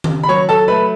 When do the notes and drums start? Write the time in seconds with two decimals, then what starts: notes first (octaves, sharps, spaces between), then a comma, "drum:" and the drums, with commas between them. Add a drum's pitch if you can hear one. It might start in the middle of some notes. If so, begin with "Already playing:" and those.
0.04 drum: tom D#3
0.23 B5
0.29 F#3 C#5 C#6
0.49 A4 A5
0.68 A3 B4 B5